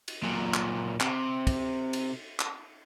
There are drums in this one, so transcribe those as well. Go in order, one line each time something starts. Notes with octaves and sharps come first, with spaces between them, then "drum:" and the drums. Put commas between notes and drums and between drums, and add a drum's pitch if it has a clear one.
drum: cymbal
A#2 F#3
drum: clap
C3, drum: clap
drum: kick, cymbal
drum: cymbal
drum: clap